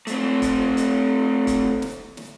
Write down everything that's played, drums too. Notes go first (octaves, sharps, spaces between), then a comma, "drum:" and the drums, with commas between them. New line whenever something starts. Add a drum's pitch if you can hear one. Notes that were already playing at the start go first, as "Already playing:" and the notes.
A3 C4, drum: hi-hat
drum: kick, hi-hat
drum: hi-hat
drum: kick, hi-hat
drum: snare
drum: snare